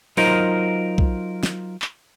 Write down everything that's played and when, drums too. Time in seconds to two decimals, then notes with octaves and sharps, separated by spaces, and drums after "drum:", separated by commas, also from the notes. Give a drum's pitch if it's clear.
0.17 F#3 D#4 F4 A#4 C5 D#5, drum: open hi-hat
0.98 drum: kick
1.43 drum: snare
1.82 drum: clap